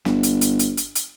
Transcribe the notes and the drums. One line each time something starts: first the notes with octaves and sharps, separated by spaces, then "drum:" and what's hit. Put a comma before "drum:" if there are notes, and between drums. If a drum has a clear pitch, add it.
G1, drum: snare
drum: hi-hat
drum: hi-hat
drum: hi-hat
drum: hi-hat
drum: hi-hat